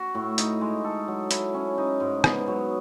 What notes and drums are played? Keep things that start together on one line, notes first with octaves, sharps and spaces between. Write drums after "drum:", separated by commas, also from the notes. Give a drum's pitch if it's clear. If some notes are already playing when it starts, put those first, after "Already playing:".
Already playing: F#4
A2
D#4, drum: hi-hat
G#3
A4
F#3
E4, drum: hi-hat
C#4
D#4
G#2
B3, drum: rim click
F#3